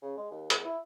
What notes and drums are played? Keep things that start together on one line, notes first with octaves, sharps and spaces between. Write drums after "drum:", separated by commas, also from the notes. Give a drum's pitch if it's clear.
C#3
G#3
D#2
E2, drum: hi-hat
E4